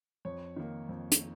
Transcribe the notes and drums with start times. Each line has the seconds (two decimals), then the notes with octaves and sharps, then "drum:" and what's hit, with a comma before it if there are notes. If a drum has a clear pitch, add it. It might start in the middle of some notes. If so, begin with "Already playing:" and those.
0.25 F2 C#5
0.56 D#3 A#3
0.89 F2
1.12 drum: hi-hat